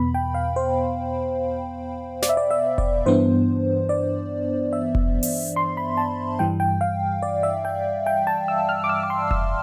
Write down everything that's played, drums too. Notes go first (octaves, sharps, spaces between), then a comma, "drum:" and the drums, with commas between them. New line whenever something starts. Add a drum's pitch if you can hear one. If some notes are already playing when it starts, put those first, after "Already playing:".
Already playing: E2 B2 B3 B5
G5
F5
C5
D5, drum: snare
E5
D5
E5
D5, drum: kick F1
G2 E3 B3 D4 C5
D5
E5
drum: kick F1
drum: open hi-hat
C6
B5
A5
G2 E3 G3 G5
G5
F5
D5
E5
G5
G5
A5
E6
F6
D6
E6
D6
C6
E6, drum: kick F1